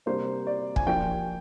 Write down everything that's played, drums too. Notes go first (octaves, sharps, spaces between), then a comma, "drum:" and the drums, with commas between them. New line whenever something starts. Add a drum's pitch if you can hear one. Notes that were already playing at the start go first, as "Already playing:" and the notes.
C3 G3 A#3 D4 C5
D5
G#5, drum: kick
F3 A#3 D4 F4 G5